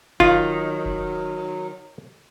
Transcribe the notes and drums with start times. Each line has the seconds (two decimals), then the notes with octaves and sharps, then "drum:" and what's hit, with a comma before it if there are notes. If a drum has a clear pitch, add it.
0.20 D#3 F#3 F4, drum: kick F#1
0.86 drum: kick F#1